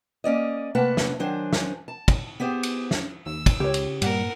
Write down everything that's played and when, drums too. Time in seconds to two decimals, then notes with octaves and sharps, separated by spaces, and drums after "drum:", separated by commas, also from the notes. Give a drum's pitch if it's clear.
0.24 A#3 C#4 D5 D#5
0.75 C3 A3 A#3 B4 F#5 A5
0.97 drum: snare
1.19 D#3 F#3 D4 C5 G#5
1.53 drum: snare
1.88 A5
2.08 drum: kick, cymbal
2.40 B3 G4 G#4 C5
2.63 drum: cymbal
2.91 drum: snare
3.26 D#2 E6
3.46 drum: kick, cymbal
3.60 C#2 C#3 G4 C#5
3.74 drum: cymbal
4.02 G2 A#2 G3 A#3 A#4 F#5, drum: cymbal